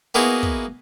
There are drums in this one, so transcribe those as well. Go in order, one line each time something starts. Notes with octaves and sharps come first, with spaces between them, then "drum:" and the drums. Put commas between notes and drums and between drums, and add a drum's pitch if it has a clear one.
A#3 B3 D#4 E4 F#4 G#4
drum: kick